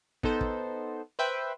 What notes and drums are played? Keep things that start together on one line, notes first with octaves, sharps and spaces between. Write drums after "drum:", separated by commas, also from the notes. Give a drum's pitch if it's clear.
B3 D#4 A4 C5, drum: kick
drum: kick
B4 C5 E5 G5